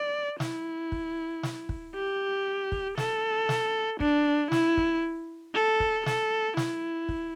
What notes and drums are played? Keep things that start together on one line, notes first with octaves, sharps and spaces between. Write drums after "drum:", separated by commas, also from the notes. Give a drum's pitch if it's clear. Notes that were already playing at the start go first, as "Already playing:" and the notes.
Already playing: D5
E4, drum: snare
drum: kick
drum: snare
drum: kick
G4
drum: kick
A4, drum: snare
drum: snare
D4, drum: kick
E4, drum: snare
drum: kick
A4
drum: kick
A4, drum: snare
E4, drum: snare
drum: kick